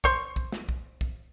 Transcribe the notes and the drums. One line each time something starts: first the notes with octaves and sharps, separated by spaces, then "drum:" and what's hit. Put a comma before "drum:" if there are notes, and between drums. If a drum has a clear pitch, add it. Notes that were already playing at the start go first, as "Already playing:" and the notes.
C5 C#6, drum: kick
drum: kick
drum: snare
drum: kick
drum: kick